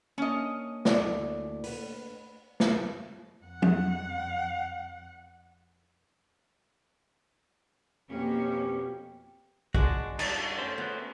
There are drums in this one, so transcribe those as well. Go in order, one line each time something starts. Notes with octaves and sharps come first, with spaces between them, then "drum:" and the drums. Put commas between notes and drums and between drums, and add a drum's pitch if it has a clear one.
A#3 C#4 D4 D#5
D2 E4 D5, drum: snare
B4, drum: open hi-hat
drum: snare
F2 F#5
drum: tom F3
F2 B2 A#3 B3 C#4 G4
G#3 D4 F#4 D5, drum: kick
G2 D4 D#4 D5 G#5, drum: cymbal
A3 C#4 C5
B3